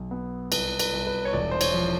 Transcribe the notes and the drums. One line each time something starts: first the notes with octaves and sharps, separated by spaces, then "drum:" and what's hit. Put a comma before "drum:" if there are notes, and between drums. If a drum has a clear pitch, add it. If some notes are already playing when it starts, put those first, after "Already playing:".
Already playing: B1
B3
C2 B4, drum: cymbal
B4, drum: cymbal
C2
B4
C#5
E1 D5
C5
C#5, drum: cymbal
F3